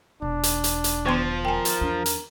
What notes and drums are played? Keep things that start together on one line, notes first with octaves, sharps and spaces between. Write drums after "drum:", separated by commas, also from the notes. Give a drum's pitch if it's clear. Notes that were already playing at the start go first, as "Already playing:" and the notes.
E1 D4
drum: hi-hat
drum: hi-hat
drum: hi-hat
D#3 F3 B3 C6
A#4 G5 G#5
drum: hi-hat
E2 D4
drum: hi-hat